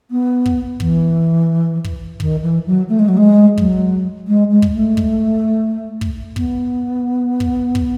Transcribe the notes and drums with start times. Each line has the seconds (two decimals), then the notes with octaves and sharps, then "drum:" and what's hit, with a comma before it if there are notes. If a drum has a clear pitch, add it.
0.10 B3
0.46 drum: kick
0.80 E3, drum: kick
1.84 drum: kick
2.20 D#3, drum: kick
2.42 E3
2.66 F#3
2.88 A3
2.99 G#3
3.08 F#3
3.17 G#3
3.58 F#3, drum: kick
4.27 G#3
4.50 G#3
4.62 drum: kick
4.74 A3
4.97 drum: kick
6.01 drum: kick
6.36 B3, drum: kick
7.40 drum: kick
7.75 drum: kick